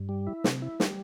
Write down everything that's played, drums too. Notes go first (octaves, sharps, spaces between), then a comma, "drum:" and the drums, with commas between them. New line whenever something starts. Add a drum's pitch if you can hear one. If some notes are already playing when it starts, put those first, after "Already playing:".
Already playing: G2
G3
E4
C3, drum: snare
E4
G3, drum: snare